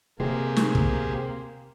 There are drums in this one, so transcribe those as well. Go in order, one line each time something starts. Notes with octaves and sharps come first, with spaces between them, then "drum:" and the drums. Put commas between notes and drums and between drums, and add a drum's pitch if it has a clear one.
C3 A#3 G4 G#4 C5
drum: snare
drum: kick